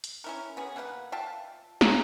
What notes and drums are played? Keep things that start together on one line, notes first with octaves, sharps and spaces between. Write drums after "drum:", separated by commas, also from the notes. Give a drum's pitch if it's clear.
drum: hi-hat
C#4 E4 A#4
B3 C#4 G#4
B2 A#3 B4 F#5
F4 E5 G5 A5
G4 G#4 E5 A#5, drum: snare